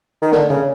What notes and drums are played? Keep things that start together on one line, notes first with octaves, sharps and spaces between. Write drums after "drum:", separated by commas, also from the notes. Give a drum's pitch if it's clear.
D#3
D3, drum: snare
C#3, drum: tom C#3